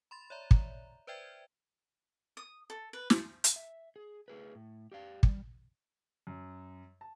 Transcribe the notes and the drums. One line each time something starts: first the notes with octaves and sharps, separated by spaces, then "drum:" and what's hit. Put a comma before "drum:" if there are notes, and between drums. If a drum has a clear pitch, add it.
B5 C6 A6
C#5 D5 E5 A#5
drum: kick
B4 C5 D5 E5 G5 G#6
D#6
A4
B4
drum: snare
drum: hi-hat
E5
G#4
A3 G#4 B4
A2
G4 D5 F5
G3, drum: kick
F#2
A5